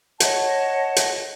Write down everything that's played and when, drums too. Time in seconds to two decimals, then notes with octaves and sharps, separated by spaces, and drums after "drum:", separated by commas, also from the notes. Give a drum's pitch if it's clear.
0.20 C#5 D#5 F#5 A5, drum: hi-hat
0.96 drum: hi-hat